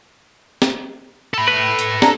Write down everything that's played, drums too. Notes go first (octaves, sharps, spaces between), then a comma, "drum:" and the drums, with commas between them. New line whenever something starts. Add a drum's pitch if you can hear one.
drum: snare
A4 B5
B4
drum: hi-hat
D4 A#5, drum: snare